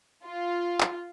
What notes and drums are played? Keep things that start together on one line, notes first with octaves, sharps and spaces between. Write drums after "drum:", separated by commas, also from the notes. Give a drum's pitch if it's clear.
F4
drum: clap